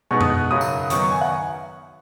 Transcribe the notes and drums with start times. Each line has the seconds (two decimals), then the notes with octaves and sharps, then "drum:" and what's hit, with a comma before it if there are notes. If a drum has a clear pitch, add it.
0.11 B2 G#3 B3 D#4 C#6
0.21 D#6, drum: tom F2
0.30 F#6
0.50 F#2 C#3 F#3 D#6
0.61 drum: tambourine
0.90 D#3 F#3 B3 D#4 C#6, drum: hi-hat
1.01 C#6
1.11 G#5
1.21 F#5